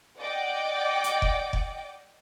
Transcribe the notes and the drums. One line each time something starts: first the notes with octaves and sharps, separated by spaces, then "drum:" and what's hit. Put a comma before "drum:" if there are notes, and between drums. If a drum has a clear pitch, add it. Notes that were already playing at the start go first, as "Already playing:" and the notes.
D5 D#5 F#5 G5 D6
drum: hi-hat
drum: kick F1
drum: kick F1